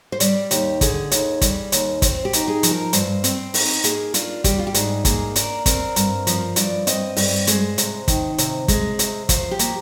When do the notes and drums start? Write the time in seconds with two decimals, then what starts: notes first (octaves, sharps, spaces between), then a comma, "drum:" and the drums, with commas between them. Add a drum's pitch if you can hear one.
0.12 C5
0.20 G3 D5, drum: hi-hat
0.51 D#2 G4, drum: hi-hat
0.81 D3 G#4, drum: kick, hi-hat
1.11 D#2, drum: hi-hat
1.41 G3, drum: kick, hi-hat
1.72 D#2, drum: hi-hat
2.02 C4 C5, drum: kick, hi-hat
2.25 G4
2.33 D#4, drum: hi-hat
2.48 G#4
2.63 F3, drum: hi-hat
2.71 A#4
2.93 G2 C5, drum: hi-hat
3.24 C4, drum: hi-hat
3.54 D#4, drum: open hi-hat
3.84 A#3 G#4, drum: hi-hat
4.14 D4 F4, drum: hi-hat
4.44 G3 G4, drum: kick, hi-hat
4.59 F4
4.67 G4
4.74 G#2 G#4, drum: hi-hat
5.05 A#3 G#4, drum: kick, hi-hat
5.36 D4 A#4, drum: hi-hat
5.66 C4 A#4, drum: kick, hi-hat
5.96 G2, drum: hi-hat
6.27 F3, drum: hi-hat
6.56 G2 D5, drum: hi-hat
6.87 C4 D#5, drum: hi-hat
7.17 G2 D5, drum: open hi-hat
7.47 G#3 C5, drum: hi-hat
7.78 C3, drum: hi-hat
8.08 D#3, drum: kick, hi-hat
8.38 C3, drum: hi-hat
8.68 G#3, drum: kick, hi-hat
8.99 C3, drum: hi-hat
9.29 F3 C5, drum: kick, hi-hat
9.51 G4
9.59 A#3, drum: hi-hat